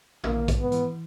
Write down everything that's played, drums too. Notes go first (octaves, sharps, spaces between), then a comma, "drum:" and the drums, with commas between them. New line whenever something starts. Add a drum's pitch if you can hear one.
A#1 A#3, drum: tom
G#2, drum: kick, hi-hat
B3
E3, drum: hi-hat